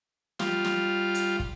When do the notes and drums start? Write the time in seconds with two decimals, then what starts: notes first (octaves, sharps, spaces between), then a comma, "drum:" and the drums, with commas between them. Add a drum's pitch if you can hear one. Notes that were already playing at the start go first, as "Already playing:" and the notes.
0.39 G3 F4, drum: snare
0.64 drum: snare
1.15 drum: hi-hat
1.40 drum: kick